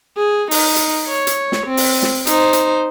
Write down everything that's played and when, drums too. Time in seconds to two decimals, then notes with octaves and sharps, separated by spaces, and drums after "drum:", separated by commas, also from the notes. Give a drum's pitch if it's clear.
0.17 G#4
0.51 D#4, drum: open hi-hat
0.76 drum: hi-hat
1.08 C#5
1.27 drum: hi-hat
1.52 drum: snare
1.67 C4
1.77 drum: open hi-hat
2.02 drum: snare
2.27 D#4 C5, drum: hi-hat
2.53 drum: hi-hat